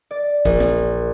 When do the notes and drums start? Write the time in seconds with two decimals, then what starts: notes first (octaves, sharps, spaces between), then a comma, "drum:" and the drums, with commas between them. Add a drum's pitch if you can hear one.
0.11 D5
0.45 A#1, drum: kick
0.60 drum: snare